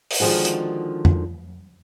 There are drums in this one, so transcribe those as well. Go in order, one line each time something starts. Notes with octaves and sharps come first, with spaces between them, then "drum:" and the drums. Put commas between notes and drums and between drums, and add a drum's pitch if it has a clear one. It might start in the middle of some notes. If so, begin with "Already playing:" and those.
drum: open hi-hat
D3 D#3 F3 G#3 F#4
drum: hi-hat
drum: tom F2